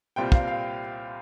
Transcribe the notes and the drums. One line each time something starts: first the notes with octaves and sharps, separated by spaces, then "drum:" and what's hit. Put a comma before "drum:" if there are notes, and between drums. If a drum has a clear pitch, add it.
C2 A#2 G3 C4 F4 G5
F5, drum: kick
F5